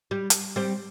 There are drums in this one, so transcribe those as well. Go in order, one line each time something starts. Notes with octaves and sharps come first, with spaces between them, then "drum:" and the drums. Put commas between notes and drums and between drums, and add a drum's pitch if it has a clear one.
G3
drum: hi-hat
G3 C4